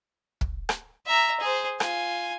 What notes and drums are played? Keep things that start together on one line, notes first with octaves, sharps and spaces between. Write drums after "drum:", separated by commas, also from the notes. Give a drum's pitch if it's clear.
drum: kick
drum: rim click
E5 A#5
G#4 C5
F4 G#5, drum: rim click